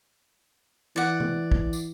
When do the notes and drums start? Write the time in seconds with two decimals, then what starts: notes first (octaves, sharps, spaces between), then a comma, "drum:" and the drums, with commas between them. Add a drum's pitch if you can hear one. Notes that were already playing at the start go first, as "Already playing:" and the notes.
0.96 E3 D5 F#5
1.20 drum: tom C3
1.51 drum: kick
1.73 drum: tambourine